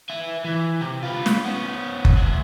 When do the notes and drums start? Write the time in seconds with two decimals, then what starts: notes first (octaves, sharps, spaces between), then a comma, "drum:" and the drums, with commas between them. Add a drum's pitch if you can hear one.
0.10 B4 E5
0.45 E3
0.81 C3
1.02 F4 B4
1.26 drum: snare
1.45 B3 C#4
2.05 drum: kick F#1
2.17 G#3 E5